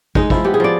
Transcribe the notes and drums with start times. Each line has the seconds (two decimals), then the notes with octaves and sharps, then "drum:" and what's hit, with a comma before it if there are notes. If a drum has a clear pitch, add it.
0.15 G#3 D#4, drum: kick
0.30 F3 E4, drum: kick
0.44 B3 G4
0.54 G#4
0.60 F3 D5